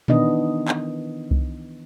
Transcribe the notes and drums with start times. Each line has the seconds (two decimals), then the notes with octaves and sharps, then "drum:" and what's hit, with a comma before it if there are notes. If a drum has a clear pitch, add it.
0.08 D#3 E3 B3 D4 D#5, drum: tom A#2
0.68 drum: clap
1.31 drum: kick C2